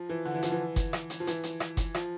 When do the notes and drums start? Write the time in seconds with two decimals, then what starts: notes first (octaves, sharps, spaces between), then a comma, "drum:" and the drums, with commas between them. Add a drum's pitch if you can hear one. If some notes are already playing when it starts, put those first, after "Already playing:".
Already playing: F3
0.09 E3
0.25 D3
0.34 E3
0.43 F3, drum: hi-hat
0.52 E3
0.76 drum: kick F#1, hi-hat
0.93 drum: rim click
1.10 drum: hi-hat
1.20 F3
1.27 E3, drum: hi-hat
1.43 drum: hi-hat
1.60 drum: rim click
1.77 drum: kick F#1, hi-hat
1.94 F3, drum: rim click